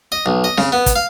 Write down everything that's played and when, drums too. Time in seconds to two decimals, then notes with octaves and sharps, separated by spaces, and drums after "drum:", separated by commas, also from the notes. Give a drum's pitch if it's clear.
0.12 D#5
0.26 B1
0.44 D#5
0.58 C#3, drum: snare C4
0.72 B3
0.86 drum: kick, hi-hat
0.96 F5